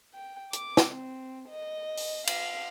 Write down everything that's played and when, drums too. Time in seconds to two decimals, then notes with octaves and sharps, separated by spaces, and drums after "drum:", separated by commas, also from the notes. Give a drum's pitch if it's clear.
0.14 G5
0.53 D6, drum: hi-hat
0.77 drum: snare
0.94 C4
1.49 D#5
1.97 drum: open hi-hat
2.27 F5, drum: cymbal